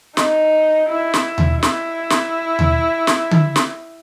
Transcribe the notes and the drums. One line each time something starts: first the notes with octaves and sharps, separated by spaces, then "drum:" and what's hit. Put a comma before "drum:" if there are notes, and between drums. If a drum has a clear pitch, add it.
D#4, drum: snare
E4
drum: snare
drum: tom D#2
E4, drum: snare
drum: snare
drum: tom D#2
drum: snare
drum: tom D3
drum: snare